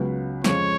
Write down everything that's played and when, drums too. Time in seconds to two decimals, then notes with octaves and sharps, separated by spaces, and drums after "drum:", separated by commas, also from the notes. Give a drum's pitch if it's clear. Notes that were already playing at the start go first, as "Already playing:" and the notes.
Already playing: C#2 C#3 F#3 B3
0.44 F2 F3 G#3 C#4 C#5, drum: snare